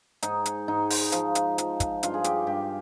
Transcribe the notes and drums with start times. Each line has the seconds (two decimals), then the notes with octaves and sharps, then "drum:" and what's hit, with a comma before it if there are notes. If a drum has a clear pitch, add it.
0.22 G#2 D#4, drum: hi-hat
0.46 drum: hi-hat
0.68 G#2 D#4
0.90 drum: open hi-hat
1.12 F3, drum: hi-hat
1.35 drum: hi-hat
1.58 F3, drum: hi-hat
1.80 drum: kick, hi-hat
2.03 G2 F4, drum: hi-hat
2.14 G#4
2.24 G4, drum: hi-hat
2.47 G2 G4